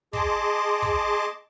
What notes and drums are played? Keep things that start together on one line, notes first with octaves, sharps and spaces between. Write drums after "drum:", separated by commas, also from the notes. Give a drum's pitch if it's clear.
G#4 D#5 A5 C6 D6, drum: kick
drum: kick